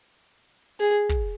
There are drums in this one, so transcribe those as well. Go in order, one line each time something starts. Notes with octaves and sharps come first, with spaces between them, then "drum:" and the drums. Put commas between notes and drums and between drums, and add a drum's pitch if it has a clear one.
G#4, drum: open hi-hat
drum: kick, hi-hat